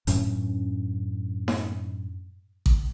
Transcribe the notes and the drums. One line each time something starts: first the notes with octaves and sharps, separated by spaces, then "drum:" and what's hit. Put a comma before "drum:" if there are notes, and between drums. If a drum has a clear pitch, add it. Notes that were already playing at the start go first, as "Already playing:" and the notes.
F#2 A2 C#4, drum: hi-hat
drum: snare D#4
drum: kick A1